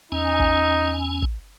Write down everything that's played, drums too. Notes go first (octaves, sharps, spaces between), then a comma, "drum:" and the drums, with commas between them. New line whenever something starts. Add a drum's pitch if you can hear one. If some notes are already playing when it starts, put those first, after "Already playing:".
E2 C#4 D#4 G#5
drum: kick
drum: kick